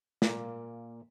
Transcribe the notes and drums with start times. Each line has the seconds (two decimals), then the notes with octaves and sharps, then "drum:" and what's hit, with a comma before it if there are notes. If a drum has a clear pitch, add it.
0.22 A#2 A#3, drum: snare